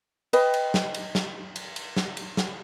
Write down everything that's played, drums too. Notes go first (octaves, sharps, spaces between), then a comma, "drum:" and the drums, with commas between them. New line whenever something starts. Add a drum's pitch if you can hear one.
B4 D#5 G5, drum: cymbal
drum: cymbal
drum: snare
drum: cymbal
drum: snare
drum: cymbal
drum: cymbal
drum: snare
drum: cymbal
drum: snare